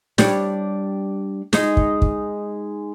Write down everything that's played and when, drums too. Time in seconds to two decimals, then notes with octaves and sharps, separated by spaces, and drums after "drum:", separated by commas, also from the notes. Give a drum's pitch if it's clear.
0.18 G3 D4 C#5, drum: snare
1.53 G#3 D#4, drum: snare
1.77 drum: kick
2.02 drum: kick